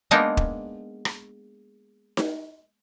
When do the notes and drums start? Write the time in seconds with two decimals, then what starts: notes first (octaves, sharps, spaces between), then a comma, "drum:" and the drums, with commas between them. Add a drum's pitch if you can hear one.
0.11 G#3 A#3 B3 D4 D#4 G#4
0.37 drum: kick
1.05 drum: rim click
2.17 drum: snare D#4